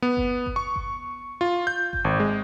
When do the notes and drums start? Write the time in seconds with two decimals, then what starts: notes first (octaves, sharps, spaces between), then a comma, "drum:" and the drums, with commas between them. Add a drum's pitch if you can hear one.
0.02 B3
0.17 drum: kick G1
0.46 drum: kick G1
0.56 C#6
0.76 drum: kick G1
1.41 F4
1.67 G6
1.93 drum: kick G1
2.05 G#1
2.20 G#3